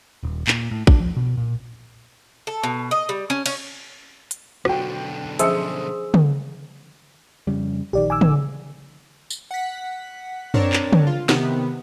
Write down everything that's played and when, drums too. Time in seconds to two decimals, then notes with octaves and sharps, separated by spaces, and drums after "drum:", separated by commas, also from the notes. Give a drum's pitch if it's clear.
0.23 D#1
0.48 A#2, drum: clap
0.71 A2
0.87 D4, drum: kick A#1
1.00 F3
1.16 B2
1.37 A#2
2.47 A4
2.63 B2
2.91 D#5
3.09 G3
3.30 C#4
3.46 C#4, drum: cymbal
4.31 drum: hi-hat
4.65 B1 D3 F#4 G5, drum: rim click
5.39 F3 C#4 G#4 C5 E5 D#6 E6 C#7, drum: hi-hat
6.14 drum: tom
7.47 F2 C#3 G3
7.93 A#1 D#3 G4 D5
8.10 G#5 D6 E6
8.21 drum: tom
9.30 drum: tambourine
9.51 F#5 B6
10.54 C4 D4 A#4 C#5 A5, drum: tom F#2
10.73 drum: clap
10.93 drum: tom
11.07 F4
11.29 C3 D#3 B3, drum: snare